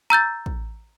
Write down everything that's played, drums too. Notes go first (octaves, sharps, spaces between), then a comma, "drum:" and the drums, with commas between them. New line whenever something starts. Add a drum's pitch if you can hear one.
A#5 E6 G6 A6
drum: kick